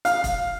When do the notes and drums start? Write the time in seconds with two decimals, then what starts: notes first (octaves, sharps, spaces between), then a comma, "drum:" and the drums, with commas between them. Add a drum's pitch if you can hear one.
0.05 F5, drum: hi-hat
0.24 drum: kick E1, hi-hat